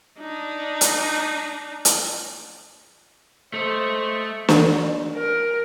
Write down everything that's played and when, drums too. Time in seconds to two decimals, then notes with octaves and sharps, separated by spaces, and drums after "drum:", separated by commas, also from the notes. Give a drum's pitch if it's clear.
0.20 D4 D#4
0.81 drum: hi-hat
1.85 drum: hi-hat
3.54 A3 C5 D#5
4.49 drum: snare
5.16 A#4